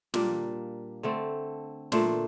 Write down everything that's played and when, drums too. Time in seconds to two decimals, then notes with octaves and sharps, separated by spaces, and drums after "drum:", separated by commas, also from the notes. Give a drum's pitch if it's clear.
0.14 A#2 G3 A#3 D4, drum: snare
1.03 D3 A3 C4
1.92 A#2 A3 D4 C5, drum: snare